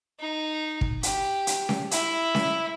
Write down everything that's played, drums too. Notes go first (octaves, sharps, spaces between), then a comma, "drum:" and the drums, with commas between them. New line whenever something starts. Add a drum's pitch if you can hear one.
D#4
drum: kick
G4, drum: hi-hat
drum: hi-hat
drum: snare C#4
E4, drum: hi-hat
drum: snare C#4